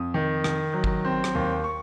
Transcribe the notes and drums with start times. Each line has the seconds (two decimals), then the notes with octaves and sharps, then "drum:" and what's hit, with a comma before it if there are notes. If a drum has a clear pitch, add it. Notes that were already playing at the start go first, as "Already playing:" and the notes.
Already playing: F2 D#6
0.14 D#3
0.44 D#3, drum: rim click
0.74 F#3
0.84 drum: kick
1.05 C4
1.24 drum: rim click
1.35 D#2
1.64 C#6